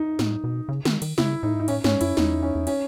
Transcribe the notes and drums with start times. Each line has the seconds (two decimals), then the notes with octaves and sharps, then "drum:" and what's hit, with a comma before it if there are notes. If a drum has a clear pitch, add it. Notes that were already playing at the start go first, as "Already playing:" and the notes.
Already playing: D#4
0.19 A2, drum: snare
0.44 B2
0.69 C#3
0.85 D#3, drum: snare
1.02 D#3, drum: cymbal
1.18 C#3 E4, drum: snare
1.43 A2 D#4
1.56 G#2 D#4
1.68 A2 C#4, drum: cymbal
1.84 G#2 C#4, drum: snare
2.01 F#2 E4, drum: cymbal
2.17 E2 D#4, drum: snare
2.43 C#4
2.55 E2
2.67 C#4, drum: cymbal